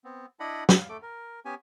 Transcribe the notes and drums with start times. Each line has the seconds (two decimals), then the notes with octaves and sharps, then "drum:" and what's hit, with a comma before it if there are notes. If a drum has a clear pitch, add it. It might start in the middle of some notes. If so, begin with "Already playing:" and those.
0.05 B3 C4
0.40 D4 E4 D5 D#5 F#5 B5
0.69 F5, drum: snare
0.89 A3 A4 D6
1.02 A#4
1.45 B3 C#4 G4 G#5